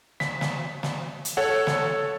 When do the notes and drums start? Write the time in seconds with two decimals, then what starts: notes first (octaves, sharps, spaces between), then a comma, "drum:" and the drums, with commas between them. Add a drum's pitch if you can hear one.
0.20 B6, drum: snare
0.41 drum: snare
0.83 drum: snare
1.25 drum: hi-hat
1.37 A4 C#5 F#5
1.67 drum: snare